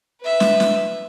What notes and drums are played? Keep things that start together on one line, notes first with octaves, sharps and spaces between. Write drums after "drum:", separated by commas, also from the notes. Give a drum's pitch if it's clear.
B4 E5
drum: snare
drum: snare